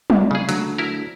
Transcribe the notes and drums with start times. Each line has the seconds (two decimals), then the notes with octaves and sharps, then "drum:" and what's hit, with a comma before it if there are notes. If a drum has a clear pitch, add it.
0.10 drum: tom F#3
0.31 C#3 G#4
0.49 D2 F#3, drum: hi-hat
0.78 E4 A#4